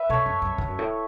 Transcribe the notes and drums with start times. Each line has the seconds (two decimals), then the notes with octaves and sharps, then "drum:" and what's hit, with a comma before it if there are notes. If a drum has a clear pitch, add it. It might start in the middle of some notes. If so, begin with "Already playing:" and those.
Already playing: B4 E5
0.10 B2 A4 C#5
0.26 F#2
0.42 F#2
0.58 A2, drum: kick
0.68 F#2
0.79 A2